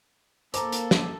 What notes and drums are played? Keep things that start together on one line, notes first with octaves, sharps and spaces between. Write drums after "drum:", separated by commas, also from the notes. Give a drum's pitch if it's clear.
A#3 A4 C5 A#5 D6, drum: hi-hat
drum: hi-hat
drum: snare